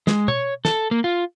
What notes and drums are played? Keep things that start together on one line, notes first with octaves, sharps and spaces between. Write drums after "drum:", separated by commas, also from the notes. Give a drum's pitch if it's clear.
G#3, drum: snare
C#5, drum: tom B2
A4, drum: snare
A#3
F4